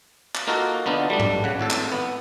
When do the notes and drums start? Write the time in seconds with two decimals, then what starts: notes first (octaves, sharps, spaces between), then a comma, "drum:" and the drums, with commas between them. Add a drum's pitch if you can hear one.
0.35 drum: clap
0.47 A#3 D#4 F4 F#4 A4 A#4
0.86 D3 B3 D4 D#4 F4
1.10 G3 A3 D4
1.20 drum: tom G#2
1.44 C#3 F#5
1.59 G#1 A2 A4
1.70 drum: clap
1.92 B3